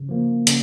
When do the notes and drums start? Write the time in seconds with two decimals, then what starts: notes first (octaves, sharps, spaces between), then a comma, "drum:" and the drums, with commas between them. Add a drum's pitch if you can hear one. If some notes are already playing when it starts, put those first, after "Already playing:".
Already playing: C#3
0.09 F3 A#3
0.47 C#3, drum: hi-hat